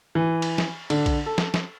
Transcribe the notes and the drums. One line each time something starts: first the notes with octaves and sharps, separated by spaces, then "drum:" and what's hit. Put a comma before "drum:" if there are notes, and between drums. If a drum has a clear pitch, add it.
E3
drum: cymbal
drum: snare
D3, drum: cymbal
drum: kick A#1, cymbal
A4
drum: snare
drum: snare